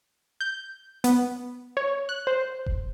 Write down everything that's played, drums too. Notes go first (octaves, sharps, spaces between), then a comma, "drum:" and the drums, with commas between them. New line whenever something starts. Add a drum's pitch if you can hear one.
G6
B3, drum: hi-hat
C#5
F#6
C5
drum: kick E1